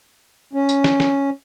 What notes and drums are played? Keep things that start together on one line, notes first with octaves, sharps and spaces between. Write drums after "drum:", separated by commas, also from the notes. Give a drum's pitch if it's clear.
C#4
drum: tambourine
drum: snare
drum: snare